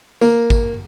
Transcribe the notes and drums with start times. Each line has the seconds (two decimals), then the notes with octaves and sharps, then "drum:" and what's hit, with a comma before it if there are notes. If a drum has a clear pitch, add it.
0.21 A#3, drum: tambourine
0.50 drum: kick G#1, tambourine